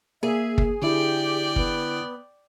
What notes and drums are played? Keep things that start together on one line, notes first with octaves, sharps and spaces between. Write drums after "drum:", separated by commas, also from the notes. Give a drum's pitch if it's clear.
A#3 G#4 E5
drum: kick
D3 E4 G4 D5 G5
B3, drum: kick